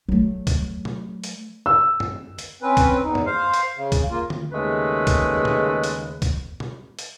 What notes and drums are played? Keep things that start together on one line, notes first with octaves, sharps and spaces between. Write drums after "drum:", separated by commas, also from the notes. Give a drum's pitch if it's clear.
F#3 A3
drum: kick, hi-hat
drum: tom
drum: hi-hat
E6
drum: tom
drum: hi-hat
C4 C#4 B4
drum: kick, hi-hat
E2 D#4
drum: tom
C5 F5
drum: hi-hat
C#3
drum: kick, hi-hat
A#3 F4
drum: tom D3
D#2 C#3 G#3 A3 B4
drum: kick, hi-hat
drum: tom
drum: hi-hat
drum: kick, hi-hat
drum: tom
drum: hi-hat